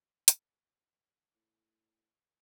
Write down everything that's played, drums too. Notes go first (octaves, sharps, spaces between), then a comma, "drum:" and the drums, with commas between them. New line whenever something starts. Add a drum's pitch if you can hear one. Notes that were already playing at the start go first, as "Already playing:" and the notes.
drum: hi-hat
A2